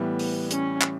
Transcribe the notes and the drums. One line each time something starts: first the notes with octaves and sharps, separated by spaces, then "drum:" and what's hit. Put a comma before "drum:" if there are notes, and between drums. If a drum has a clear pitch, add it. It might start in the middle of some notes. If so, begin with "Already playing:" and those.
Already playing: A2 E3 G3 B3
drum: open hi-hat
C#4, drum: hi-hat
drum: clap